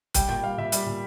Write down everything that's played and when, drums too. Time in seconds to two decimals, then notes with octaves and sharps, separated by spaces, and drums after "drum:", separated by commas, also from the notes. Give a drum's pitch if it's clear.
0.14 G3 G5, drum: kick C#1, hi-hat
0.29 A#2 G5
0.43 G3 F5
0.58 A#2 E5
0.72 G3, drum: hi-hat
0.86 A#2